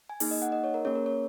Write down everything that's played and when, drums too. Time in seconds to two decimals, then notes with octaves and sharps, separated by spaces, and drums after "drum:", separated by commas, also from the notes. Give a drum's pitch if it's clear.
0.10 G#5
0.20 A#3 D#4 G#4 G#5, drum: open hi-hat
0.31 D#5
0.42 F#5
0.52 D#5
0.64 C#5
0.74 A#4
0.85 A#3 C#4 G#4 C#5
0.95 A#4
1.06 C#5